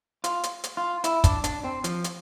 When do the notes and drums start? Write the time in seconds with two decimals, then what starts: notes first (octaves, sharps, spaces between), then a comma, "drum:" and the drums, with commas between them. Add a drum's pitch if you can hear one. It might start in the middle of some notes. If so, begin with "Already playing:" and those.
0.24 F4, drum: hi-hat
0.43 drum: hi-hat
0.64 drum: hi-hat
0.77 F4
1.04 E4, drum: hi-hat
1.24 D4, drum: kick, hi-hat
1.44 D4, drum: hi-hat
1.64 C4
1.84 F3, drum: hi-hat
2.04 drum: hi-hat